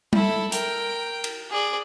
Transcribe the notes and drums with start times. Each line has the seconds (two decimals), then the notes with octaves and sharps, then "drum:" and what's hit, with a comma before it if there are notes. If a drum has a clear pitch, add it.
0.13 E4 A4, drum: tom G3
0.52 A#4 G5, drum: hi-hat
1.24 drum: cymbal
1.51 G#4 D5